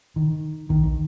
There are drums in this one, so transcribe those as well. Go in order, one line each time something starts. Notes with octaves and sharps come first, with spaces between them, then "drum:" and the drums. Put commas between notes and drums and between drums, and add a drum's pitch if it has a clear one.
D#3
D#3, drum: kick
drum: kick